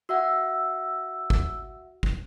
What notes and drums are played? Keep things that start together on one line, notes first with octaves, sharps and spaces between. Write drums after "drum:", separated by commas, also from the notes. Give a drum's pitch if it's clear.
F#4 E5 F#5 E6
drum: kick G1
drum: kick G1